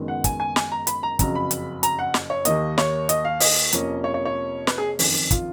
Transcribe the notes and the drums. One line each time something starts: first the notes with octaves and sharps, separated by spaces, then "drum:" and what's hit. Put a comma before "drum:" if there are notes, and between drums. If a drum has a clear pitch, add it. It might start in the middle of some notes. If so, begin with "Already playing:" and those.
Already playing: F#1 F#2 D#3 G#3 B3
F#5
G#5, drum: kick, hi-hat
G#5
G#5, drum: snare
A#5
B5, drum: hi-hat
A#5
F#1 F2 C#3 F#3 A#5, drum: kick, hi-hat
B5
drum: hi-hat
A#5, drum: hi-hat
F#5
drum: snare
C#5
D#2 D#3 A#3 D#5, drum: hi-hat
C#5, drum: snare
D#5, drum: hi-hat
F5
D#5, drum: open hi-hat
F1 F2 F3 A#3 C#4, drum: hi-hat
C#5
C#5
C#5
B4, drum: snare
G#4
F#1 F2 D#3, drum: open hi-hat
F4, drum: kick, hi-hat